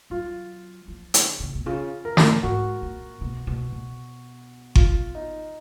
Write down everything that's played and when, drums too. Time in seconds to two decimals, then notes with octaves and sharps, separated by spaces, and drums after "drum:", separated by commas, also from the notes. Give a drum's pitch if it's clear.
0.10 F#3 F4
0.88 F3
1.14 C#3, drum: hi-hat
1.40 C#3
1.55 B2
1.66 C#3 F4
2.05 A#4
2.17 G#2, drum: snare
2.43 G#2 F#4
2.82 A#2
3.21 B2
3.47 B2
3.72 B2
4.75 F4, drum: kick G1
5.15 D#4